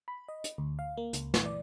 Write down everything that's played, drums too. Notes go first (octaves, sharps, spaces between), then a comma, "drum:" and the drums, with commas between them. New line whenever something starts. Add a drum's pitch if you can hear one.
B5
D#5
drum: hi-hat
D2
F5
A#3
C#2, drum: hi-hat
E3, drum: snare
D5